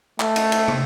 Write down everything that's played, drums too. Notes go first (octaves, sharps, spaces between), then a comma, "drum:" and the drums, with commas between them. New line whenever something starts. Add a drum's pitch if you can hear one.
A3, drum: clap
drum: cymbal
drum: cymbal
drum: tom